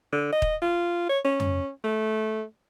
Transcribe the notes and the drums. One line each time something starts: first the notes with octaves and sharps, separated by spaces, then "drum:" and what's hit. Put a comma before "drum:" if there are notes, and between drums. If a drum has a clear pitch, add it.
D3
D#5
drum: kick D#1
F4
C#5
C#4
drum: tom F2
A3